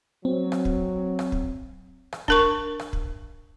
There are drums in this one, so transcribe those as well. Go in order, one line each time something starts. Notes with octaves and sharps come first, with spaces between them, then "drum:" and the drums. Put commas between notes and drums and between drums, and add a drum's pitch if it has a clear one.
F#3 C4
drum: rim click
drum: kick
drum: rim click
drum: kick
drum: rim click
D4 A#4 C#6, drum: kick
drum: rim click
drum: kick